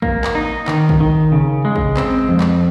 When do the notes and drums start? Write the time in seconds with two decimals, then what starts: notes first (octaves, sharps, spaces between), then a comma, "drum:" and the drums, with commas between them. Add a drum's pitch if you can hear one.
0.02 A#3, drum: kick
0.24 drum: clap
0.35 D#4
0.68 D#3, drum: clap
0.89 drum: kick
1.00 D#3
1.32 C#3
1.65 G#3
1.76 drum: kick
1.97 C4, drum: clap
2.29 F2
2.40 drum: clap